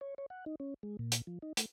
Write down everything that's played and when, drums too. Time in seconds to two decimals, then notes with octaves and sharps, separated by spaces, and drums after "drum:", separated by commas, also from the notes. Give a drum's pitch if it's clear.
0.01 C#5
0.18 C#5
0.30 F#5
0.46 D#4
0.60 C#4
0.83 G#3
0.99 A#2
1.12 drum: hi-hat
1.27 F3
1.42 D#4
1.57 A3, drum: hi-hat